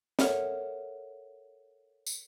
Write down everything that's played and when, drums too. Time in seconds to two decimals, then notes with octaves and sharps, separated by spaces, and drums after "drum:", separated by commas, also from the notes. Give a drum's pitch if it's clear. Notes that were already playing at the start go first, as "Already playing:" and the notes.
0.19 A4 A#4 C#5 E5 F#5 F6, drum: snare
2.06 drum: tambourine